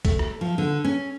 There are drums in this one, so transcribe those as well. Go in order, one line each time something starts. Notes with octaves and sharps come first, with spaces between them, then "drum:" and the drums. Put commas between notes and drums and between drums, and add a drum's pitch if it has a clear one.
A3, drum: kick, hi-hat
drum: rim click
F3
D3
C#4